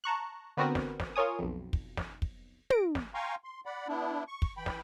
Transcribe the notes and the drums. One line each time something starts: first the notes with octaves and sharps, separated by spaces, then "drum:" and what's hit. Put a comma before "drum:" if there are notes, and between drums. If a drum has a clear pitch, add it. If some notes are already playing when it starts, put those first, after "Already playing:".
A5 A#5 C#6 F#6
D3 B3 C4 F#4 A#4 B4
drum: snare
drum: snare
F4 A#4 C#5 G#5 D#6
B1 F2
drum: kick
drum: snare
drum: kick
A#6 D7, drum: tom
drum: snare
F5 G5 G#5 A#5 C6 C#6
C6
D5 F#5 B5
B3 D4 E4
C#6
drum: kick
E3 G5 B5
drum: snare